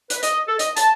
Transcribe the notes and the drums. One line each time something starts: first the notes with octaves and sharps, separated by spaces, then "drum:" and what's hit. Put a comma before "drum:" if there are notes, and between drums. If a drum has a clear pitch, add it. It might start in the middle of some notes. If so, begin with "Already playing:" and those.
B4, drum: hi-hat
D#5, drum: hi-hat
A4
D#5, drum: hi-hat
A5, drum: hi-hat